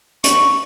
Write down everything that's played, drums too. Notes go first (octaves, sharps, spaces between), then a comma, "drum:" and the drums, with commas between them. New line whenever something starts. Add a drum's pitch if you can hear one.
C#6, drum: hi-hat